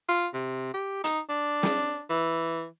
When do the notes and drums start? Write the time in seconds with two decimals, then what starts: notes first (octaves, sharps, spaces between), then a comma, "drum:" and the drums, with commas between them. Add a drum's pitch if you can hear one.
0.09 F4
0.34 C3
0.74 G4
1.04 D#4, drum: hi-hat
1.29 D4
1.63 drum: snare
2.10 E3